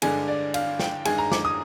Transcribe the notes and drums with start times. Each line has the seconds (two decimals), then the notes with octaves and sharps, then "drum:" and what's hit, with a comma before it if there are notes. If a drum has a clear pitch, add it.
0.02 G2 D3 G#3 D4 G#5, drum: cymbal
0.28 D5
0.54 F5, drum: cymbal
0.80 G5, drum: snare
1.05 G2 D#3 G#3 G#5, drum: cymbal
1.18 A#5
1.32 D6, drum: snare
1.45 D#6